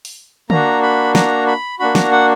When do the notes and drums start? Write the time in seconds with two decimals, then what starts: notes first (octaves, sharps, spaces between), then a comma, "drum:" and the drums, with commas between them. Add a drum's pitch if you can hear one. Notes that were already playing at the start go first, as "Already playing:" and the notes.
0.05 drum: open hi-hat
0.50 A#3 D4 F#4 A#5, drum: tom D3
0.83 B5
1.15 A#5, drum: snare
1.47 B5
1.79 A#3 D4 F#4 B5
1.95 A#5, drum: snare
2.11 F#5